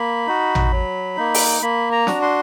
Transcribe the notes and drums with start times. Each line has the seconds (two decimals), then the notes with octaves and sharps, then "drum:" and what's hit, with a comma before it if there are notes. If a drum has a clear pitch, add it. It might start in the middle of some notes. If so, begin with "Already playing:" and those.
Already playing: A#3 B5
0.27 D#4 F#4
0.55 drum: tom
0.72 F#3
1.17 A#3 D#4
1.35 drum: open hi-hat
1.62 A#3 B5
1.92 A#5
2.07 D4 F#4, drum: snare
2.22 C6